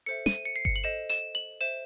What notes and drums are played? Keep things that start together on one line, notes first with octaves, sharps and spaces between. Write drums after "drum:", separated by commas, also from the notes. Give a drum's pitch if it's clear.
A4 C5 E5 C#7
D#7, drum: snare
C#7
C7
C#7, drum: kick G1
F#7
A4 C5 D#5 E7
E7, drum: hi-hat
F#7
C5 E5 E7